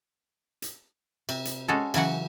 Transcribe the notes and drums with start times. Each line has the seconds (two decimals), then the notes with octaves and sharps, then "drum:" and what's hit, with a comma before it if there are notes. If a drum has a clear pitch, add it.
0.62 drum: hi-hat
1.29 C3, drum: cymbal
1.45 drum: hi-hat
1.68 G#3 C#4 F#4 G#4 A4
1.94 C#3 E3 F#3 F#5, drum: cymbal